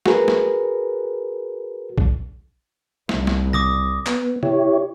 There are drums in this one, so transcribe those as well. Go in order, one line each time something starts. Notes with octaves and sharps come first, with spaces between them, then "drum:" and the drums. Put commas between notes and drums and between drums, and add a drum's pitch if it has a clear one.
F#4 G#4 A#4 B4, drum: snare
drum: snare
drum: kick
C2, drum: snare
drum: snare
D6 D#6 A#6, drum: tom C3
B3, drum: clap
E4 G4 C#5, drum: tom C3